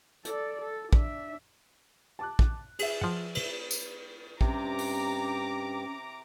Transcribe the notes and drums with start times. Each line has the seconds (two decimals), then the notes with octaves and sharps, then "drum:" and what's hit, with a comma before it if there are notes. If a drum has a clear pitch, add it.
0.25 A4 D5, drum: hi-hat
0.61 A4
0.93 D4 E5, drum: kick
2.19 A5 D6 F#6
2.39 drum: kick
2.79 G#4 E5, drum: cymbal
3.01 F3 F#5
3.35 drum: cymbal
3.71 drum: tambourine
4.41 G2 C3 C#4 G4 A#5 D6, drum: kick
4.78 drum: open hi-hat